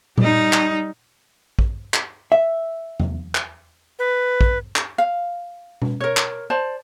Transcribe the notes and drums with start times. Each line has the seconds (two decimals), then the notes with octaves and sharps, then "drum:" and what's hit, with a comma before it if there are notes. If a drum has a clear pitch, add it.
0.18 G3 D#4, drum: tom A#2
0.53 drum: clap
1.59 drum: kick
1.94 drum: clap
2.32 E5
3.00 drum: tom E2
3.35 drum: clap
3.99 B4
4.41 drum: kick
4.76 drum: clap
4.98 F5
5.82 drum: tom B2
6.00 A#4 C#5
6.17 drum: clap
6.50 C5 D5 A5